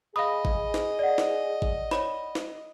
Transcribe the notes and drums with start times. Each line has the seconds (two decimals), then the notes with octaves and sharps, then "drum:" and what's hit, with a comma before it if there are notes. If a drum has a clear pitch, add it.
0.16 G#4 D#5 F5 B5 D#6
0.45 drum: kick G#1
0.74 drum: snare
0.99 D5 F#5
1.18 drum: snare
1.62 drum: kick G#1
1.91 C#5 B5, drum: snare
2.35 drum: snare